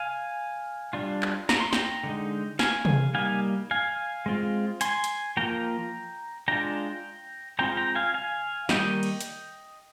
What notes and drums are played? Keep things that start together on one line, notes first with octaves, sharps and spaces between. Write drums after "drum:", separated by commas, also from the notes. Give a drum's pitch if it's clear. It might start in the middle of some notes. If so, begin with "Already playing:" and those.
Already playing: F5 G#5
G3 D4 F4
drum: clap
A#5, drum: snare
C6
G5 A#5, drum: snare
D3 G#3 D#4
F5 G#5, drum: snare
drum: tom C3
G3 A#3 D#4 F5 G#5
F5 G#5
G#3 C4 F4
G#5 C6, drum: hi-hat
drum: hi-hat
F3 A#3 F4 G5 A#5
G#3 D4 F4 G5 A#5
G#3 C4 F4 G5 A#5
G5 A#5
F5 G#5
F5 G#5
D#3 G3 A#3 D#4 D#5 G5, drum: snare
drum: cymbal
drum: hi-hat